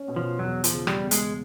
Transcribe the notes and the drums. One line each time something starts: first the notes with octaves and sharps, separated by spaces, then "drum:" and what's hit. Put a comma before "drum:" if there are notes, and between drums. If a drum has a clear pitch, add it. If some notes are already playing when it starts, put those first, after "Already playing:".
Already playing: C#4
B2
F3
E2 F#3
F3, drum: hi-hat
C#3
G3, drum: rim click
E2
G#3, drum: hi-hat